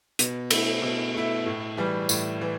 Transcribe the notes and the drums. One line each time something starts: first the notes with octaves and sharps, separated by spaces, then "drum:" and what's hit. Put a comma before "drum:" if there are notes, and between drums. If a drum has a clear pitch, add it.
B2, drum: hi-hat
A3 E4, drum: cymbal
B2
A3 E4
A2
E3 G3
A2, drum: tambourine
E3